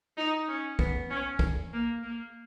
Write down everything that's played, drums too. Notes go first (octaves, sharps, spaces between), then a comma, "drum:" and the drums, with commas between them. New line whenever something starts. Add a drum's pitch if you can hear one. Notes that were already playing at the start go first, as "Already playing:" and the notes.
D#4
C#4
B3, drum: kick
C#4
drum: kick
A#3
A#3